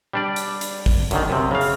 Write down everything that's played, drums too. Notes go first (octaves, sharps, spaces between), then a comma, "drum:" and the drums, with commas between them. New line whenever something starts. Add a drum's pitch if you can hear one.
G3 D4 D5
drum: hi-hat
drum: hi-hat
drum: kick A1, open hi-hat
F#2 D3 D#3, drum: hi-hat
F#2 C3
C#3 F5
drum: open hi-hat